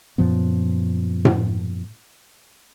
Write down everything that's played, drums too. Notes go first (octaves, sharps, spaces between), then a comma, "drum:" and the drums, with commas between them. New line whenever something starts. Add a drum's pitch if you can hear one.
F#2 A#2 F3 B3
drum: tom A2